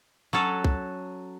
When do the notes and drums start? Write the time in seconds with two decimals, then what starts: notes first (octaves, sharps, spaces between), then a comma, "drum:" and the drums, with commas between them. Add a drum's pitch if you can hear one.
0.33 F#3 C#4 A4
0.64 drum: kick